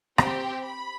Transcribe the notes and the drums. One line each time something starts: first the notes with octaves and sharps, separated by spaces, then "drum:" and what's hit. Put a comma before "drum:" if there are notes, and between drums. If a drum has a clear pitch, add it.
C4 G4 G5, drum: rim click
B5